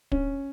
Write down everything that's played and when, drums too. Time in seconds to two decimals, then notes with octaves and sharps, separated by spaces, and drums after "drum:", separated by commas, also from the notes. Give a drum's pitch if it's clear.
0.12 C#4, drum: kick